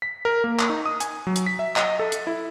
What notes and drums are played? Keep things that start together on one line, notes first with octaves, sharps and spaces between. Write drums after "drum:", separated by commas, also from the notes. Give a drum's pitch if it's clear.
B6
A#4
A#3
drum: clap
D#4
D#6
G#5, drum: hi-hat
F#3
drum: hi-hat
B6
E5
D#5, drum: clap
A4
drum: hi-hat
E4